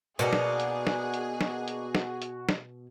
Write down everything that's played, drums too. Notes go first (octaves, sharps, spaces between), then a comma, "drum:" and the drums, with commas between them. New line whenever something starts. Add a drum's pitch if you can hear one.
B2 A#3 D4 D#4 F#4 G#4
drum: snare
drum: hi-hat
drum: snare
drum: hi-hat
drum: snare
drum: hi-hat
drum: snare
drum: hi-hat
drum: snare